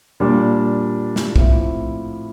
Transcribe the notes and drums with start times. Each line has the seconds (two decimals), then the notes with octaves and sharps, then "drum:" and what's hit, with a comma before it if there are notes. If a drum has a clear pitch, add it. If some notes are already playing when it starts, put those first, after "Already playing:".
0.20 A#2 G3 D4
1.16 drum: snare
1.36 A2 F3 C4 E4, drum: kick B1